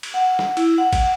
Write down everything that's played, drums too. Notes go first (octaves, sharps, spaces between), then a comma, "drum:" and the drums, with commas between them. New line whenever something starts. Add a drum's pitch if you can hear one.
drum: cymbal
F#5
drum: snare
E4, drum: cymbal
F#5
drum: kick G#1, cymbal